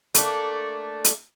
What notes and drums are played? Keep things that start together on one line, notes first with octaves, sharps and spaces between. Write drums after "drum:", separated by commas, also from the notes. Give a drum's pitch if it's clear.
A3 A#3 D4, drum: hi-hat
drum: hi-hat